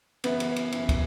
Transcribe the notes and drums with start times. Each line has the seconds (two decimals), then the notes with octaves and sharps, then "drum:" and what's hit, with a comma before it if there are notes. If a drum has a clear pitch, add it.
0.24 F#2 C#3 E3 B3, drum: cymbal
0.40 drum: cymbal
0.56 drum: cymbal
0.72 F#2 C#3 E3, drum: cymbal
0.89 drum: kick, cymbal